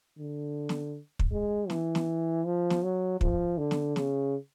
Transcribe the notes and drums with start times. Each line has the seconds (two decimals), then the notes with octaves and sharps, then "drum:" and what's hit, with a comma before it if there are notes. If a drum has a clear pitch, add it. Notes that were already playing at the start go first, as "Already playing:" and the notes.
0.19 D3
0.69 drum: snare
1.19 drum: kick
1.32 G#3
1.70 E3, drum: snare
1.95 drum: snare
2.45 F3
2.70 drum: snare
2.83 F#3
3.21 F3, drum: kick
3.58 D3
3.71 drum: snare
3.96 C#3, drum: snare